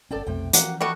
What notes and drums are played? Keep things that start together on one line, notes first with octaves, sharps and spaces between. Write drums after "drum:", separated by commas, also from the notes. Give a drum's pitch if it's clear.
G1 C#4 A4 D5 G5
B1 F2 C3 A3 G5
E3 F3 A#3 F#4 F#5 G5, drum: hi-hat
G3 A3 D#4 F#4 A4 B4